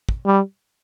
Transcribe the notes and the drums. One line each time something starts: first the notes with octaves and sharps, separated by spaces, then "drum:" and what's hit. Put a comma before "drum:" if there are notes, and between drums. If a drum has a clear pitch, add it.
drum: kick
G3